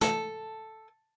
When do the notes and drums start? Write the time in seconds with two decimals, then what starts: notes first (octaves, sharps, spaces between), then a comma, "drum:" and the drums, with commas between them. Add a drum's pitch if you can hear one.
0.01 A4, drum: snare